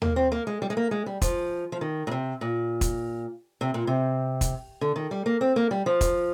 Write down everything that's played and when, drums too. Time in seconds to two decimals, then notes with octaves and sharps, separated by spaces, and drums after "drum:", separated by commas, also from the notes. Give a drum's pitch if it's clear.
0.02 A#3, drum: tom D#2
0.16 C4
0.32 A#3
0.47 G#3
0.62 G3
0.70 G#3
0.77 A#3
0.91 G#3
1.06 G3
1.22 F3, drum: kick, hi-hat
1.72 F3
1.81 D#3
2.07 A#2
2.11 C3
2.41 A#2
2.81 drum: kick, hi-hat
3.61 C3
3.74 A#2
3.87 C3
4.41 drum: kick, hi-hat
4.81 D3
4.96 D#3
5.11 G3
5.26 A#3
5.41 C4
5.56 A#3
5.71 G3
5.86 F3
6.01 drum: kick, hi-hat